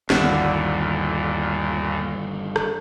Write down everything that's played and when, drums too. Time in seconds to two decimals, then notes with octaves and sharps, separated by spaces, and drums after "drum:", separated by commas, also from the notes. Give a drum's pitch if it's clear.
0.10 G1 D#2 A#2 D3 D#3 E4 F#4, drum: snare
2.56 drum: rim click